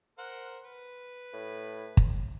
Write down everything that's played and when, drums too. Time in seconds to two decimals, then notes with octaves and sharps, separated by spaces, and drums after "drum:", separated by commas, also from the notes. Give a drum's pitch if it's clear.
0.18 A#4 C5 F#5
0.64 B4
1.33 A2
1.97 drum: kick